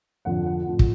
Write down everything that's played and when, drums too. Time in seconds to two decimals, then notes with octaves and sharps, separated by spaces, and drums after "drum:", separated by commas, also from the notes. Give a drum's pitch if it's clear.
0.25 F2 D3 F3 F#5
0.46 F#5
0.66 A2 F3
0.79 drum: kick